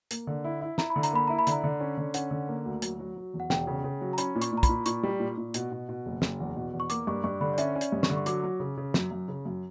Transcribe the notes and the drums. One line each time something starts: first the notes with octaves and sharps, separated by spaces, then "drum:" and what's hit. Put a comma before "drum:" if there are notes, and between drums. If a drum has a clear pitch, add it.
A#3, drum: hi-hat
D3
E4
E4
E4 A#5, drum: snare
B5
D3
A#5, drum: hi-hat
A#3 B5
E4 A#5
B5
D3, drum: hi-hat
A#5
D3
C#4
D3
C#4 F#5, drum: hi-hat
D3
A#3
D2
F#3, drum: hi-hat
F#3
F#3
E2
F#5
E1 G5, drum: snare
C#3
C#3
F#3
A#5
C#4 B5, drum: hi-hat
A#2
C#6, drum: hi-hat
A#2
A#5
B5, drum: kick, hi-hat
A#2
A#2 C#6, drum: hi-hat
G3
A#2
A#2
B2, drum: hi-hat
B2
B2
F#1
F#1, drum: snare
E2
B2
E2
C#6
A#3 D6, drum: hi-hat
G2 C#6
G2 C#6
D3 B5
D5
C#4 E5, drum: hi-hat
C#4
D5, drum: hi-hat
G2
C#6, drum: snare
D3
C#6
F#3 D6, drum: hi-hat
F#3
C#3
C#3
F#2, drum: snare
F#2
C#3
F#2